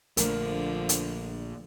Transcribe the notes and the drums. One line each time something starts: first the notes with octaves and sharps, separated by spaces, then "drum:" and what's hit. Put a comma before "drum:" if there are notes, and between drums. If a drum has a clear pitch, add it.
A#1 D3 F3 A3 A#4, drum: hi-hat
drum: hi-hat